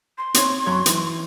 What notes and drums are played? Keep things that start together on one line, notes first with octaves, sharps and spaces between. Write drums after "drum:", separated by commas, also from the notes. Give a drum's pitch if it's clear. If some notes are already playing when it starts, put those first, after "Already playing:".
C6
C4 C#5, drum: hi-hat
F#2 F#3 C#5
E3, drum: hi-hat